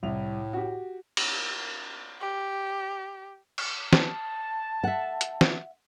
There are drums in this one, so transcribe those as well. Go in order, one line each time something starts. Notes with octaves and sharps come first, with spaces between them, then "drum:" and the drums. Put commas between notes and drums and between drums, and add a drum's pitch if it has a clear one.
C2 A2 F7
F#4 G4
drum: cymbal
G4
drum: cymbal
A5, drum: snare
E5 F#5
drum: hi-hat
drum: snare